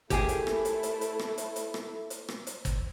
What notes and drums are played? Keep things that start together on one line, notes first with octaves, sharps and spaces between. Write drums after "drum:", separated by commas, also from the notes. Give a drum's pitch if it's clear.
A3 E4 G4 G#4 A#4 G5 G#5, drum: kick, hi-hat
drum: hi-hat
drum: rim click
drum: hi-hat
drum: hi-hat
drum: hi-hat
drum: rim click
drum: hi-hat
drum: hi-hat
drum: rim click
drum: hi-hat
drum: rim click
drum: hi-hat
drum: kick, hi-hat